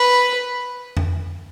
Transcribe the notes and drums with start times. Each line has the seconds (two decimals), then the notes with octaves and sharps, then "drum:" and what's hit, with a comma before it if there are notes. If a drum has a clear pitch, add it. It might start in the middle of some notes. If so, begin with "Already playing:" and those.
Already playing: B4
0.97 drum: tom F2